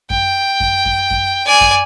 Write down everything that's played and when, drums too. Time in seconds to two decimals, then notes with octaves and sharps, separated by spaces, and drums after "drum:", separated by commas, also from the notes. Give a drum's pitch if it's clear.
0.10 G5, drum: kick F#2
0.60 drum: kick F#2
0.85 drum: kick F#2
1.11 drum: kick F#2
1.46 D5 G#5
1.61 drum: kick F#2